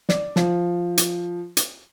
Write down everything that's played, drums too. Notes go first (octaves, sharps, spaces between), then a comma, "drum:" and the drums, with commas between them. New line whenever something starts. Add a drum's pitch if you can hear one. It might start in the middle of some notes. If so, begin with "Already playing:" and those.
D5, drum: snare
F3, drum: snare
drum: hi-hat
drum: hi-hat